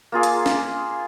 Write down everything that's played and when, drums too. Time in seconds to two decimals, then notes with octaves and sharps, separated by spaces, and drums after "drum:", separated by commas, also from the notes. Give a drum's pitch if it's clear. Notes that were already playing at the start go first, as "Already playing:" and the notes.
0.12 A#3 F4 G#4 D6
0.23 drum: hi-hat
0.46 drum: snare